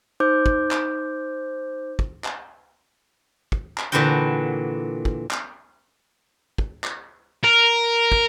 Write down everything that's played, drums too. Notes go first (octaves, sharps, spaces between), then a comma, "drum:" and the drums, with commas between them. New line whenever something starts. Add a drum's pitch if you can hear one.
D#4 C5 D6 G6
drum: kick
drum: clap
drum: kick
drum: clap
drum: kick
drum: clap
A#2 D3 E3 E4 F#4 G5
drum: kick
drum: clap
drum: kick
drum: clap
A#4
drum: kick